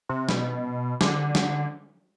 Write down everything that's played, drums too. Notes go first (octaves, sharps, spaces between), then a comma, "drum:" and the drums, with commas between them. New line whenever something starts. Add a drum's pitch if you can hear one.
C3
B2, drum: snare
D3, drum: snare
drum: snare